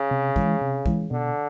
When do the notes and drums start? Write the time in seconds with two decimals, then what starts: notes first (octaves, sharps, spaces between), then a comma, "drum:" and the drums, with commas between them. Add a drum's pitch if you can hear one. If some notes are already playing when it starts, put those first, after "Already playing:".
Already playing: C#3
0.11 C3
0.36 E3 G#3, drum: kick
0.61 C3
0.86 E3 G#3, drum: kick
1.11 B2 D3